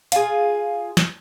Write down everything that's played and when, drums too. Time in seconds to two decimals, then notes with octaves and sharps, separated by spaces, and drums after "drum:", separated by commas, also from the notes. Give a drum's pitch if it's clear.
0.12 F4 G#4, drum: hi-hat
0.97 drum: snare